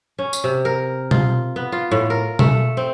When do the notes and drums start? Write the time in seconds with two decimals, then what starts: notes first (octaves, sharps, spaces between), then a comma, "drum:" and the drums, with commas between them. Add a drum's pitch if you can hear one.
0.18 C#4
0.33 drum: tambourine
0.44 C3
0.65 A#4
1.11 F4, drum: tom B2
1.56 B3
1.72 F4
1.91 A2
2.10 A#4
2.39 A3, drum: tom B2
2.77 C4